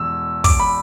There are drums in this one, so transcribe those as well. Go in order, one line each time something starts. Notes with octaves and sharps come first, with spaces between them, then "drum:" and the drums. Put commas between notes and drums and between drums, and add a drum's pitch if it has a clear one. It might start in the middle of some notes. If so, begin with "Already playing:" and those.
Already playing: E2 B2 G#3 E6
D6, drum: kick, open hi-hat
B5